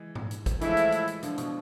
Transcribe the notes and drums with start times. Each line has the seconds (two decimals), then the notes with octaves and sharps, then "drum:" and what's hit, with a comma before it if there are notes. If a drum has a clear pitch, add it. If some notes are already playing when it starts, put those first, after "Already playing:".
Already playing: E3 G#3
0.15 drum: tom G#2
0.31 drum: hi-hat
0.46 drum: kick, hi-hat
0.61 A2 E3 F3 G#3 A3 E4, drum: hi-hat
0.77 drum: hi-hat
0.92 drum: hi-hat
1.08 drum: hi-hat
1.23 D3 F3, drum: hi-hat
1.38 B2 D3, drum: hi-hat